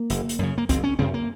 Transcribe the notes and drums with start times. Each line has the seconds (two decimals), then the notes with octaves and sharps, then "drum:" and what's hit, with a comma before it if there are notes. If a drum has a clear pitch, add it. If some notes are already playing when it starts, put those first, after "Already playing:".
Already playing: A#3
0.10 F#1, drum: hi-hat
0.29 drum: hi-hat
0.39 F#2 C#3
0.58 A#3
0.69 F#1 C4, drum: kick, hi-hat
0.84 C#4
0.99 F#2 C#3 C4
1.14 A#3